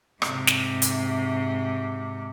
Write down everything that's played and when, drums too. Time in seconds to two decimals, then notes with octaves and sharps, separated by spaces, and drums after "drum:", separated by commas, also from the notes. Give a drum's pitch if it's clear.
0.22 G#2 C3, drum: rim click
0.47 drum: snare
0.82 drum: hi-hat